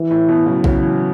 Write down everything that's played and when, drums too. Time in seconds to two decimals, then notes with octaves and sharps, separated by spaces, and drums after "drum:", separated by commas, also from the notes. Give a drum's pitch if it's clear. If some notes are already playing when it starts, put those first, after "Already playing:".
Already playing: E3
0.11 A2
0.29 B2
0.46 C#3 F#3
0.64 C#3, drum: kick A#1
0.82 E3